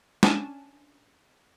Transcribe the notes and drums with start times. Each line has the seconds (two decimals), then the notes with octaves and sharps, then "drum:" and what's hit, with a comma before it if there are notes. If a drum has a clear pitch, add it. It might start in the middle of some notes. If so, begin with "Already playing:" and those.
0.23 C#4 D4 G#5 A5, drum: snare